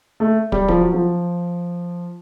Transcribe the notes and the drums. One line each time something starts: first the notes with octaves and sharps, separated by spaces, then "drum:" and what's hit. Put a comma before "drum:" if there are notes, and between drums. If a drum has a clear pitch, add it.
A3
G3, drum: kick
F3, drum: kick
F#3
F3